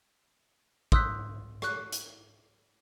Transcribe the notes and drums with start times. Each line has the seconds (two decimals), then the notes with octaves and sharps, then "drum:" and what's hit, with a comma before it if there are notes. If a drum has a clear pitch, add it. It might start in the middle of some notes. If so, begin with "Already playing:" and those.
0.92 C6 D#6 E6 F#6 G6 B6, drum: kick
1.62 C#6 F#6, drum: rim click
1.92 drum: hi-hat